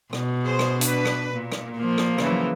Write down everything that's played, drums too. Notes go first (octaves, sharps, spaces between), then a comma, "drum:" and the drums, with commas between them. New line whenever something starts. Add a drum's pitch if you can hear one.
B2, drum: rim click
G#4 C5
drum: rim click
D4 B4, drum: hi-hat
drum: rim click
A#2
drum: rim click
F3 A#3
drum: rim click
C#3 E3 F#3, drum: rim click